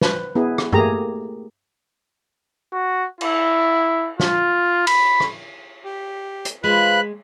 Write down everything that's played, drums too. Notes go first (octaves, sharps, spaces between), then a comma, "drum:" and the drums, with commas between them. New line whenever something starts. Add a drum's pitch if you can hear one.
B4 C5, drum: snare
B3 E4 G#4
drum: rim click
A3 A#3 G4 G#4 A#5, drum: tom
F#4
E4, drum: cymbal
F4, drum: snare
B5, drum: cymbal
drum: rim click
G4
drum: hi-hat
F3 G#3 F4 B4 B5 F#6